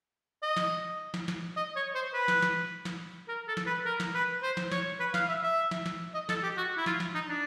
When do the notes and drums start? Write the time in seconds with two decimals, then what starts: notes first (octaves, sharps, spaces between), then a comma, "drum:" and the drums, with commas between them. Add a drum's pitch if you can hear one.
0.42 D#5
0.57 drum: snare
1.14 drum: snare
1.28 drum: snare
1.57 D#5
1.76 C#5
1.95 C5
2.14 B4
2.28 drum: snare
2.42 drum: snare
2.85 drum: snare
3.28 A#4
3.48 A4
3.57 drum: snare
3.66 B4
3.85 A#4
4.00 drum: snare
4.14 B4
4.43 C5
4.57 drum: snare
4.72 C#5, drum: snare
5.00 B4
5.14 F5, drum: snare
5.29 E5
5.43 E5
5.71 drum: snare
5.86 drum: snare
6.14 D#5
6.29 A4, drum: snare
6.43 G4
6.57 F#4
6.77 E4
6.86 F4, drum: snare
7.00 drum: snare
7.15 D#4
7.29 D4